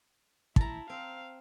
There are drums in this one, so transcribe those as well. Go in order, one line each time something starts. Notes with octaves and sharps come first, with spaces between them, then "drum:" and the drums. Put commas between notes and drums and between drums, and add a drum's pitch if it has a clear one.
E4 A5 A#5, drum: kick
C4 F5